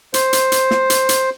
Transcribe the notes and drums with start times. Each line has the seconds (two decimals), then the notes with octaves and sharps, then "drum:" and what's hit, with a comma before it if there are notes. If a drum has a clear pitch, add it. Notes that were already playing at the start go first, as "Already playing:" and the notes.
0.14 C5, drum: hi-hat
0.33 drum: hi-hat
0.52 drum: hi-hat
0.71 drum: snare
0.90 drum: hi-hat
1.09 drum: hi-hat